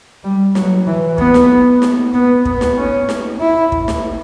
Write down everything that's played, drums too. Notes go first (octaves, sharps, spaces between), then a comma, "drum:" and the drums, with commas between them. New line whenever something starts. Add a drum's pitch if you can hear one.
G3
F#3, drum: snare
E3
B3, drum: kick
drum: snare
drum: snare
B3
B3, drum: kick
drum: snare
C#4
drum: snare
E4
drum: kick
drum: snare